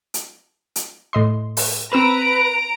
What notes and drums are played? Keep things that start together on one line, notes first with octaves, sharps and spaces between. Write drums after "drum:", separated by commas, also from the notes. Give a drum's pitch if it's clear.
drum: hi-hat
drum: hi-hat
A2 D#5 C6
drum: open hi-hat
C4 B4 A#5 E6 D7 E7